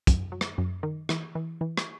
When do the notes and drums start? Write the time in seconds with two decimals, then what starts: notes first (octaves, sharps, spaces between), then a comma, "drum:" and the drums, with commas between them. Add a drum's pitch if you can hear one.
0.07 F#2, drum: kick, hi-hat
0.32 F#3
0.41 drum: rim click
0.58 F#2
0.83 D#3
1.09 E3, drum: rim click
1.35 E3
1.61 E3
1.77 drum: rim click